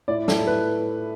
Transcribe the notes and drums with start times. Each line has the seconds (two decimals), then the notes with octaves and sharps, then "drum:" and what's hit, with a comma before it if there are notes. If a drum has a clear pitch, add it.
0.08 A2 D5
0.28 A4, drum: snare
0.37 A2
0.47 B4